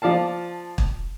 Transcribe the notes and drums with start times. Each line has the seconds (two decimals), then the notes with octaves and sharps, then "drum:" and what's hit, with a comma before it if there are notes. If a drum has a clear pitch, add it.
0.02 F3 D5 F5 A5
0.78 drum: kick